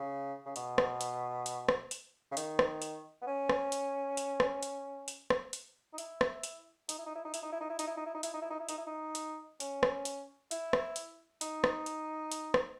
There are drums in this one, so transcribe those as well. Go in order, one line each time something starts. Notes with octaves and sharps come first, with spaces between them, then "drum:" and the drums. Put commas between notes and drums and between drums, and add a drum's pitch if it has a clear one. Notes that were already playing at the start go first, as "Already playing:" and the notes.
Already playing: C#3
C#3
B2, drum: hi-hat
drum: rim click
drum: hi-hat
drum: hi-hat
drum: rim click
drum: hi-hat
C#3
D#3, drum: hi-hat
drum: rim click
drum: hi-hat
B3
C#4
drum: rim click
drum: hi-hat
drum: hi-hat
drum: rim click
drum: hi-hat
drum: hi-hat
drum: rim click
drum: hi-hat
D#4
E4, drum: hi-hat
drum: rim click
drum: hi-hat
D#4, drum: hi-hat
E4
D#4
E4
D#4
E4, drum: hi-hat
D#4
E4
D#4
E4
D#4, drum: hi-hat
E4
D#4
E4
D#4
E4, drum: hi-hat
D#4
E4
D#4
E4
D#4, drum: hi-hat
E4
D#4
drum: hi-hat
C#4, drum: hi-hat
drum: rim click
drum: hi-hat
E4, drum: hi-hat
drum: rim click
drum: hi-hat
D#4, drum: hi-hat
drum: rim click
drum: hi-hat
drum: hi-hat
drum: rim click